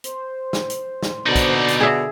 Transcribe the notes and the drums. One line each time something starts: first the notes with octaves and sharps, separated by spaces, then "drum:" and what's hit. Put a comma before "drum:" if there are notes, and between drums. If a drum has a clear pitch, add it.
C5, drum: hi-hat
drum: snare
drum: hi-hat
drum: snare
B2 D3 D#4 D5
drum: kick, hi-hat
drum: hi-hat
G#4 E5